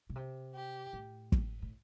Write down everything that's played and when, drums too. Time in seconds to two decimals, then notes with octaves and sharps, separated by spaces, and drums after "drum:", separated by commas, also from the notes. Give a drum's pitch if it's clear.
0.10 B2
0.16 C3
0.54 G4
0.93 A2
1.32 drum: kick
1.62 A2